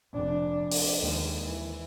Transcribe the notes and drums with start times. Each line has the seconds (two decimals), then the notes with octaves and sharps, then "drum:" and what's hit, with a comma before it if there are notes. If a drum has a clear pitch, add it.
0.12 F1 D4
0.71 drum: open hi-hat
0.99 D#2 G#3
1.46 E3